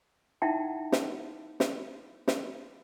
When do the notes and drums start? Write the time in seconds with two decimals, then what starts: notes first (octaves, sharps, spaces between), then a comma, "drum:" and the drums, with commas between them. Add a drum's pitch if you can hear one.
0.42 D#4 E4 E5 F#5 G5 A5
0.92 drum: snare
1.60 drum: snare
2.28 drum: snare